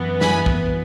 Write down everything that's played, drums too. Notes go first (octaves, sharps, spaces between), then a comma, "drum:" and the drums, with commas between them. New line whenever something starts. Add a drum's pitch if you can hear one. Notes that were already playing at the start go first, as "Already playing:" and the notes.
Already playing: F#2 E3 B3
G#5 B5, drum: snare
drum: kick